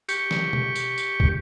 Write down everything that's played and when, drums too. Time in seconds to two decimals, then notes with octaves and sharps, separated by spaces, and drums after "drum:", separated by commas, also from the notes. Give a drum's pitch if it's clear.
0.09 G4 C#6, drum: tambourine
0.31 drum: snare
0.53 drum: tom
0.75 drum: tambourine
0.98 drum: tambourine
1.20 drum: kick